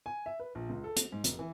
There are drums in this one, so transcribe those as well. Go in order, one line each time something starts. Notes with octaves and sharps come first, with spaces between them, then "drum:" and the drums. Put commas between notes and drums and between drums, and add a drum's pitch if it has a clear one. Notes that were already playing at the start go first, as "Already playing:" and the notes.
G#5
E5
B4
A#1
C#2
A4
F7, drum: hi-hat
G#2
F1, drum: hi-hat
E3